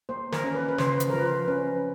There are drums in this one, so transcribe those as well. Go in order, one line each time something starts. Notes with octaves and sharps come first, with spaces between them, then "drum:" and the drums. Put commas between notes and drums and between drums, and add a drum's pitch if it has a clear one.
A#3 C5
A#4, drum: snare
C#4
B4
B4
C#3 C5, drum: snare
drum: hi-hat
A#4
F3 B4
C5
C#4 B4